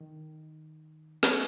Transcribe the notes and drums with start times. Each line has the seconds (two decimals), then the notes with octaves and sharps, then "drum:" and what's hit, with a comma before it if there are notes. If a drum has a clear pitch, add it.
0.01 D#3
1.23 drum: snare